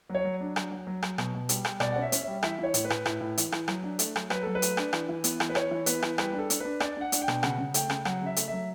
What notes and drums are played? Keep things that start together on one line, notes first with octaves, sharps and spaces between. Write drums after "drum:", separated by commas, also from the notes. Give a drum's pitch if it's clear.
F#3
C#5
F#3
D4
F#3, drum: rim click
F#3
F#3
F#3, drum: rim click
B2, drum: rim click
B2
G3, drum: hi-hat
G3, drum: rim click
B2 D5, drum: rim click
C#4 F#5
E5
C#4, drum: hi-hat
G3 E5
E3 E5, drum: rim click
E3 C#5
A2, drum: hi-hat
B4
A2, drum: rim click
A2, drum: rim click
A2
E3, drum: hi-hat
E3, drum: rim click
F#3, drum: rim click
D4
A3, drum: hi-hat
F#3, drum: rim click
F#3 B4, drum: rim click
F#3 A4
B4
A3, drum: hi-hat
D4, drum: rim click
E3, drum: rim click
E3
B3, drum: hi-hat
E3, drum: rim click
B4
E3 C#5, drum: rim click
E3
B3 B4, drum: hi-hat
E3, drum: rim click
G3 B4, drum: rim click
D4
A4
D4, drum: hi-hat
D4 B4
D4 D5, drum: rim click
D4 F#5
D4, drum: hi-hat
G5
B2, drum: rim click
C#3 F#5, drum: rim click
C#3
A3 G5, drum: hi-hat
C#3, drum: rim click
F#3 F#5, drum: rim click
C#3 E5
A3, drum: hi-hat
F#3 E5